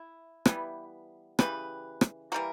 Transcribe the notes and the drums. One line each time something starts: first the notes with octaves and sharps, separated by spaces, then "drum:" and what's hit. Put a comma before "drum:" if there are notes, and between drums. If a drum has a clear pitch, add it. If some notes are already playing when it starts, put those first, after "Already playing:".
Already playing: E4
E3 G3 B3, drum: rim click
C#3 E3 G3 G4 B4, drum: rim click
drum: rim click
E3 G3 A#3 F#4 A#4